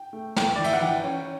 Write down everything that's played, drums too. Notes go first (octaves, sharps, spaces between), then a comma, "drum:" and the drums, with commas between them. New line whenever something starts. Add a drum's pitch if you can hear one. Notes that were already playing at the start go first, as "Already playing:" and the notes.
Already playing: G5
A3
A3 G5, drum: snare
E3 D5
E5, drum: cymbal
F#5
E3 G5
C#4